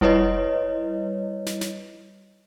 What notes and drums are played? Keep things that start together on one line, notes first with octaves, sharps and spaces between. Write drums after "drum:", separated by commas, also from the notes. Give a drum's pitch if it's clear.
G3 E4 B4 C#5 D#5, drum: kick F1
drum: snare
drum: snare